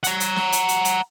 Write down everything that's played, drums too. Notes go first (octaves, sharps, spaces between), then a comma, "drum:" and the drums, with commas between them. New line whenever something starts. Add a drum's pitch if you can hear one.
F#5 A#5, drum: hi-hat
drum: hi-hat
drum: snare
drum: hi-hat
drum: hi-hat
drum: hi-hat